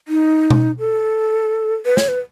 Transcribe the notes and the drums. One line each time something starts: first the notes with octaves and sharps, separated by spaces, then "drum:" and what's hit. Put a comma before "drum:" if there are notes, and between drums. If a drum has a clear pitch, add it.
D#4
drum: tom B2
A4
B4
C#5, drum: snare
B4